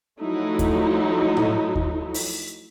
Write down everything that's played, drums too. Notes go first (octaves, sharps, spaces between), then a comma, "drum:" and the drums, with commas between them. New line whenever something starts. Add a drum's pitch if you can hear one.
F3 F#3 A3 D#4 E4
drum: kick D#2, hi-hat
drum: tom A2
drum: kick D#2
drum: open hi-hat